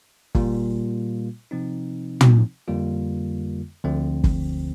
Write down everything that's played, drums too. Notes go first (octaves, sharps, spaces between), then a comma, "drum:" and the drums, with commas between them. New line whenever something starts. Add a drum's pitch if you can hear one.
A#2 G3 A#3 F4, drum: kick F#1
C3 F3 C4 D#4
drum: tom
F2 D3 G3 A#3 F4
D2 D3 F3 C4
drum: kick F#1